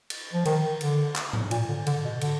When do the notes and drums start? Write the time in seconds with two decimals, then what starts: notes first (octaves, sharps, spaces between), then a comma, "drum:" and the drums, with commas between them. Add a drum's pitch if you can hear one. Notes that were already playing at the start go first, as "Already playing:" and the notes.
0.10 drum: cymbal
0.33 F3
0.45 D#3, drum: cymbal
0.81 D3, drum: cymbal
1.16 drum: clap
1.33 drum: tom G#2
1.51 A#2, drum: cymbal
1.69 D3
1.86 D3, drum: cymbal
2.04 B2
2.21 D3, drum: cymbal